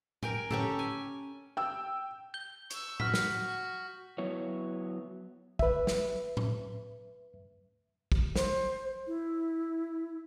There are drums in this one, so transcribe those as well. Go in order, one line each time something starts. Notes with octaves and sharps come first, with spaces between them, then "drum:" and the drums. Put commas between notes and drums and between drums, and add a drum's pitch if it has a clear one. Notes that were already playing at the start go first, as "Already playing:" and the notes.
A#4 G5 G#5, drum: tom A2
C#4 G4 A4, drum: tom A2
G#5
G5 E6
G6 G7
C#6 E6, drum: hi-hat
F#4 F6 B6, drum: tom A2
drum: snare
F#3 B3 E4 C#5
B4 E5, drum: kick
drum: snare
drum: tom A2
drum: kick
C5, drum: snare
E4